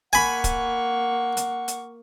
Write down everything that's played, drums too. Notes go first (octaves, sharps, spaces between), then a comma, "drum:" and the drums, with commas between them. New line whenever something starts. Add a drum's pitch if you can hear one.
A#3 F#5 G#5 B5 C#6
drum: kick C#1, hi-hat
drum: hi-hat
drum: hi-hat